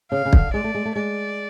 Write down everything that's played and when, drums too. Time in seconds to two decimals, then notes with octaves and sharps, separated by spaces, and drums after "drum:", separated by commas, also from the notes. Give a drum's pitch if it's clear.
0.11 C#3 F5
0.25 C#3
0.33 D3, drum: kick
0.53 G#3 D5
0.64 A3
0.74 G#3
0.85 A3
0.95 G#3 D5